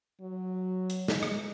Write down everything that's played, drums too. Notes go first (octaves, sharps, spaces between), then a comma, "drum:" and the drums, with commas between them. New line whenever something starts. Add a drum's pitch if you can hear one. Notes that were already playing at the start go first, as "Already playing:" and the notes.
F#3
drum: hi-hat
G#3, drum: snare
drum: rim click